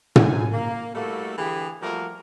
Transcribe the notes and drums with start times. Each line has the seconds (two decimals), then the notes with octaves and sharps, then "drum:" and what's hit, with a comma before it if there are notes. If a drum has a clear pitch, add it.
0.16 F#2 G#5, drum: tom
0.52 A#3
0.94 G3 A3 A#3 E4 F#4 A4
1.37 D3 E3 G4 G#4
1.81 F3 G3 A3 A#3 F#4 A#4